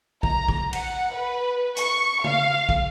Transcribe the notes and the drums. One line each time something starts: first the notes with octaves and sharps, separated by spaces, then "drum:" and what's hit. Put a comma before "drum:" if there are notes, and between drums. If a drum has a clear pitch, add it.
A#5, drum: kick
drum: kick
F#5, drum: cymbal
B4
C#6, drum: hi-hat
F5, drum: tom
drum: kick